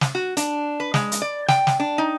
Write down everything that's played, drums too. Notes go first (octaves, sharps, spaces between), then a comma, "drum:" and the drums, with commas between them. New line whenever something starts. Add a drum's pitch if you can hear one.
drum: snare
F#4
D4, drum: hi-hat
B4
G#3, drum: snare
drum: hi-hat
D5
G5, drum: snare
drum: snare
D4
D#4